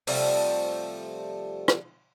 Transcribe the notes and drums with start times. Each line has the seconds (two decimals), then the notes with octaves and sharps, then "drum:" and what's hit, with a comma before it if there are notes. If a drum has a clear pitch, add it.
0.07 C3 F3 G3 A3, drum: open hi-hat
1.68 drum: rim click